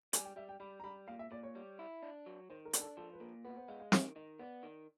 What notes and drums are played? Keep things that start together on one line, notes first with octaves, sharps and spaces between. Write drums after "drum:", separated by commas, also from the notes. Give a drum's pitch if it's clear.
G3 G#5, drum: hi-hat
G5
G3 E5
G5
G3 B5
A#5
G3 B5
A#2 F5
E5
A#2 D5
C#5
G3
E4
D4
F#3
D#3 C5
A#4
D4, drum: hi-hat
A4
F3 A4
B4
A#2 A#4
B3 B4
C5
G#3 F5
F5
D#3 E5, drum: snare
D#3 D#5
B3 D5
D#3